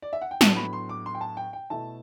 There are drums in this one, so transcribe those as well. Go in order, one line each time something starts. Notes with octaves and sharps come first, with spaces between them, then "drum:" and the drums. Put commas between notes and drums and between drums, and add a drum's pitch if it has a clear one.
D5
E5
F#5
G5
A2 F#3 B3 D4 A5, drum: snare
B5
C6
D6
C6
G5
A5
G5
G5
B2 A3 E4 A5